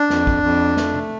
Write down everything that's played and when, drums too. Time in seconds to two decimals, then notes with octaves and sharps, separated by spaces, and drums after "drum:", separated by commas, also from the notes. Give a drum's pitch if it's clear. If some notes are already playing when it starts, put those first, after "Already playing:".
Already playing: D4
0.10 F2, drum: snare
0.27 drum: kick
0.43 F2
0.77 A3, drum: snare
0.94 drum: tom C3